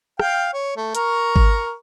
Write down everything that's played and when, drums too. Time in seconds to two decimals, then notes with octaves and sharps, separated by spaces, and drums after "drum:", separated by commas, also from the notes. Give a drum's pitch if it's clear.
0.20 F5 G5, drum: rim click
0.53 C#5
0.76 A3
0.95 A#4 A#5 C#6, drum: hi-hat
1.36 drum: kick G#1